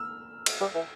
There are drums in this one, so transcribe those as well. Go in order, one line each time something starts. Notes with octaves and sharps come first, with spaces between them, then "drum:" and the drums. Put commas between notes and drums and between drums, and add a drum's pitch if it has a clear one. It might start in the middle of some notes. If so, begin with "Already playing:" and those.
Already playing: E6 F6
drum: cymbal
G3
E3